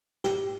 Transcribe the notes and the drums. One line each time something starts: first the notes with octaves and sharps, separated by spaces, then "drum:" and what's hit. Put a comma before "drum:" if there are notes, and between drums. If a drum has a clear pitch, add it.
G4, drum: snare